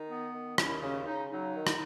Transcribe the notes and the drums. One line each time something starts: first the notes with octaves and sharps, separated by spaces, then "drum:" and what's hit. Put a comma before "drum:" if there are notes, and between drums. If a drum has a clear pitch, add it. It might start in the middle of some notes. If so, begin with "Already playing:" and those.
Already playing: D#3 D#4
B3
D#3
D#2 C#4 E4, drum: rim click
C#3 C#4
C#3 D#4
F#3 D#4
D#3
drum: rim click